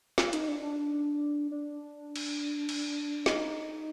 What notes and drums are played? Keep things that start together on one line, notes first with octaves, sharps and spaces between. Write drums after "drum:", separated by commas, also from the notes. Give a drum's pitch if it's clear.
F4, drum: snare
D#4, drum: hi-hat
D4
D4
D4
drum: cymbal
drum: cymbal
D#4, drum: snare